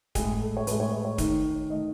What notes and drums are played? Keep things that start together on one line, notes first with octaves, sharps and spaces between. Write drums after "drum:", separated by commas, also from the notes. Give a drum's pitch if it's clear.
A2 G#3 G#4, drum: kick, hi-hat
A4
C#5
A2 G#3 B4, drum: hi-hat
C#5
C#5
C#5
D#3 A3, drum: kick, hi-hat
D#3 A3 D#5